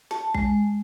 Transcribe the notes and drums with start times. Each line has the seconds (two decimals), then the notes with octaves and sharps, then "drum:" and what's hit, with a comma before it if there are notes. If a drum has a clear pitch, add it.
0.11 A5, drum: snare
0.35 G#3, drum: kick A#1